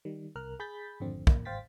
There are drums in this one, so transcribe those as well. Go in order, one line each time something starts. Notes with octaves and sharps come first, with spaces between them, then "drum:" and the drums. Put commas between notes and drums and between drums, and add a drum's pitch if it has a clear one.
D#3 G3
C2 A#4 F6 F#6
G#4 B5 G6 A6 B6
G#1 F2 D3 C4
A#3, drum: kick
G#1 C5 F5 G5 A6 B6